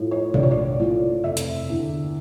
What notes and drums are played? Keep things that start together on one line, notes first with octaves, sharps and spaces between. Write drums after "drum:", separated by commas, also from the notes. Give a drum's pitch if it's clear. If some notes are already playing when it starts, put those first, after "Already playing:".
Already playing: A2 F3
C#5
A#1 D5, drum: tom B2
C#5
D5
A2 F3
F1 E5
drum: hi-hat
E2 D3